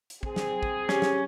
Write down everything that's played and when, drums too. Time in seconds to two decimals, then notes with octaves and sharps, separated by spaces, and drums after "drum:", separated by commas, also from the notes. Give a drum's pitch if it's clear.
0.10 drum: hi-hat
0.23 C4 G#4, drum: kick
0.36 drum: snare
0.63 drum: kick
0.89 C#4 G4, drum: snare
1.02 drum: snare